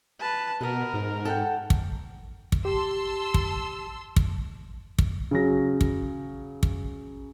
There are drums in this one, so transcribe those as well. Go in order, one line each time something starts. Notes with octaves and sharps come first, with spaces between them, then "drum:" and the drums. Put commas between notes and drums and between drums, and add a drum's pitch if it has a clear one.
B4 A5
B2 B3 A#4 B4
G#2
A4 F#5 G5
drum: kick
drum: kick
G4 A5 C6 E6
drum: kick
drum: kick
drum: kick
C#3 F#3 A#6
drum: kick
drum: kick